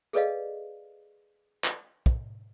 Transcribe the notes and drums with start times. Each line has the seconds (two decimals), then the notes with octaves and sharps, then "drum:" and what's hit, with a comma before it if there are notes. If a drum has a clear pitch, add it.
0.13 G#4 A4 B4 D5 D#5 F5, drum: hi-hat
1.64 drum: clap
2.06 drum: kick